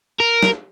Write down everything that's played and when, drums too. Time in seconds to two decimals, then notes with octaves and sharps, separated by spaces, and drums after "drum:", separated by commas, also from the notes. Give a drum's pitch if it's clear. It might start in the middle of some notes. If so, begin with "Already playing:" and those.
0.20 A#4
0.43 drum: snare